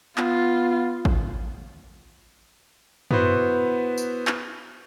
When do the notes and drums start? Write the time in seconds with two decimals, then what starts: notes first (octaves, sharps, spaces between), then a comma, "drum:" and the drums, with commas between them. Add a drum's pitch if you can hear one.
0.18 B3 F4, drum: clap
1.05 drum: kick G#1
3.11 B3 E4 F#4 B4 C5, drum: tom F#2
3.98 drum: tambourine
4.27 drum: clap